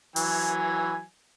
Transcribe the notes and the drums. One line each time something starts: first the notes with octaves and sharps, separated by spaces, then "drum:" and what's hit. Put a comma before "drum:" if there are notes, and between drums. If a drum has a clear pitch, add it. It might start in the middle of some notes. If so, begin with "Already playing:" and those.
E3 F#3 G#5, drum: open hi-hat